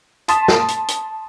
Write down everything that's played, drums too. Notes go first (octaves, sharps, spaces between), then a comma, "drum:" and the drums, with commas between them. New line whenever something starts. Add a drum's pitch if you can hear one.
A5 C6 D#6 A6 B6 E7, drum: hi-hat
drum: snare
drum: hi-hat
drum: hi-hat